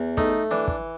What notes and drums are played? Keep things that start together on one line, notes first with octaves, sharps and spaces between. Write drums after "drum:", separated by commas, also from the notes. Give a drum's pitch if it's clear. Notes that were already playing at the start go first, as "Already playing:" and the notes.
Already playing: E2
A3 D#4, drum: kick
E3 D4
drum: kick